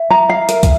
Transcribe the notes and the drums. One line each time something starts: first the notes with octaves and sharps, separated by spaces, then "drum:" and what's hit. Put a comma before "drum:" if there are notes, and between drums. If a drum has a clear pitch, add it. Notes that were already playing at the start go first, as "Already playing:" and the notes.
Already playing: E5
A#5
F5
A#4, drum: hi-hat
drum: kick, hi-hat